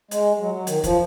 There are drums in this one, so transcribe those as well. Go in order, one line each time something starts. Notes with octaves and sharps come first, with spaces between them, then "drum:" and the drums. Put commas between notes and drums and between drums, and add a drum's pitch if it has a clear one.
G#3, drum: hi-hat
F#3
F#3
D#3, drum: hi-hat
F3, drum: kick, hi-hat